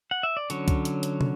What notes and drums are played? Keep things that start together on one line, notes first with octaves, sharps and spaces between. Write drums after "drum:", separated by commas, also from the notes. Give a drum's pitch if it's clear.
F#5
E5
D5
D3 F#3 C#4 C#5, drum: hi-hat
drum: kick C2, hi-hat
drum: hi-hat
drum: hi-hat
drum: tom